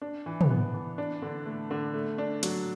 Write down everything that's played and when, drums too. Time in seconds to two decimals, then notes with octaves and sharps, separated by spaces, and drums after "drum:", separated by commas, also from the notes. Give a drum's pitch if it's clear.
0.02 D4
0.26 E3
0.41 drum: tom
0.50 B3
0.74 E3
0.98 D4
1.22 D3
1.46 A3
1.71 D3
1.94 A3
2.18 D4
2.43 F#3, drum: hi-hat